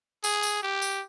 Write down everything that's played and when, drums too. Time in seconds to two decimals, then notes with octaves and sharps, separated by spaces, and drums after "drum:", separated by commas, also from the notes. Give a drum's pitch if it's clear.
0.24 G#4, drum: tambourine
0.43 drum: tambourine
0.62 G4
0.82 drum: tambourine